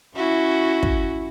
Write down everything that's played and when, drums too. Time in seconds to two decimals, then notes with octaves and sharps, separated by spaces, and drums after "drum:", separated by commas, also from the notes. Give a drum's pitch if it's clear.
0.16 C#4 E4 F#4
0.83 drum: kick